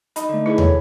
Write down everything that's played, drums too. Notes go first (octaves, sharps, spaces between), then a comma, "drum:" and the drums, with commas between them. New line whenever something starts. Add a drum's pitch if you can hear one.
D#4 A#5 B5, drum: hi-hat
D3 A3
E4 G#4 B4 G#5
A2 C#5, drum: tom